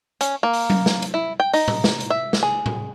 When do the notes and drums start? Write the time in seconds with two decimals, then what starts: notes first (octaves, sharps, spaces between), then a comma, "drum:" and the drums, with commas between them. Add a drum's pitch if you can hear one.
0.21 C#4, drum: hi-hat
0.43 A#3
0.53 drum: open hi-hat
0.70 drum: tom F#3
0.86 drum: snare
1.02 drum: hi-hat
1.14 E4
1.40 G5
1.53 D#4, drum: open hi-hat
1.68 drum: tom A2
1.84 drum: snare
2.00 drum: hi-hat
2.10 E5
2.33 drum: snare
2.43 G#4
2.66 drum: tom A2